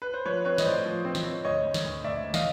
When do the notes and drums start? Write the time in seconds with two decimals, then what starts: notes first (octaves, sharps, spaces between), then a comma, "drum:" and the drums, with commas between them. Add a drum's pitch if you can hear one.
0.02 B4
0.14 C5
0.26 F3 B4 C#5
0.45 C4 B4 C#5
0.58 D#5, drum: snare
0.65 A2 C5 D5
0.85 F3
1.05 C4
1.15 drum: snare
1.25 C4
1.45 D2 C#5 D#5
1.65 D2
1.74 drum: snare
1.85 D2
2.04 D2 D5 E5
2.24 D2
2.34 D#5 F5, drum: snare